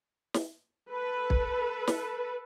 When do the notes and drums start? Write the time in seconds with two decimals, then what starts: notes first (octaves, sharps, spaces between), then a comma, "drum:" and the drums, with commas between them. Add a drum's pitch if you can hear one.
0.34 drum: snare
0.92 A4 B4
1.30 drum: kick
1.87 drum: snare